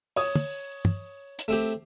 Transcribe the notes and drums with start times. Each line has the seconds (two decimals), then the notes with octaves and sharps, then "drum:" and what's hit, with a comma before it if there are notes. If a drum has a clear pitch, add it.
0.16 C#5 D#6, drum: open hi-hat
0.36 drum: tom
0.85 drum: tom
1.39 drum: hi-hat
1.48 A3 C4 G4